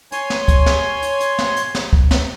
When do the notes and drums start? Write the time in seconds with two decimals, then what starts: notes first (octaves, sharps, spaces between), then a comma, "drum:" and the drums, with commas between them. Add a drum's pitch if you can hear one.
0.12 C#5 G#5 C6, drum: hi-hat
0.30 drum: snare
0.48 drum: kick, hi-hat
0.66 drum: snare
1.02 drum: hi-hat
1.20 drum: hi-hat
1.39 drum: snare
1.57 drum: hi-hat
1.75 drum: snare
1.93 drum: kick
2.11 drum: snare